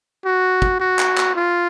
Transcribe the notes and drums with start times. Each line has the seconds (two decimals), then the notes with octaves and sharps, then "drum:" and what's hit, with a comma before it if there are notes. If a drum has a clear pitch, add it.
0.25 F#4
0.62 drum: kick
0.80 F#4
0.99 drum: clap
1.17 drum: clap
1.35 F4